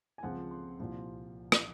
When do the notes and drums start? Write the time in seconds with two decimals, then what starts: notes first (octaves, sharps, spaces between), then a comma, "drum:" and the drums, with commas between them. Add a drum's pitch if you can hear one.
0.18 G#5
0.23 C#2 C#3 F3 C4 F#5
0.51 C6
0.80 C2 A#2 F3
1.52 drum: rim click